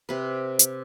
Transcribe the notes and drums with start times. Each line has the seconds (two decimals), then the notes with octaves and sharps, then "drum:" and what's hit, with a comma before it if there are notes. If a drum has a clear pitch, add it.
0.09 C3 B4
0.59 drum: hi-hat